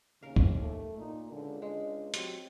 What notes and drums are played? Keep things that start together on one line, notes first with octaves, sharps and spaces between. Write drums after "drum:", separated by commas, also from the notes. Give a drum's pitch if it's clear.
D#2 C#3 A#4 F5
drum: kick
A3
A#2 D#4
C#2 D3
G#3 D4
F#3 C4 G4, drum: hi-hat